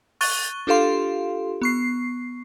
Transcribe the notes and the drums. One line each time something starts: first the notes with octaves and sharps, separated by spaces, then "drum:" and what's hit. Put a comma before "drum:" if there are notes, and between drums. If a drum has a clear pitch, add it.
C#6 F#6 A6 D#7 G7, drum: open hi-hat
D4 F4 G4 A4 F5 C6
B3 C#6 C7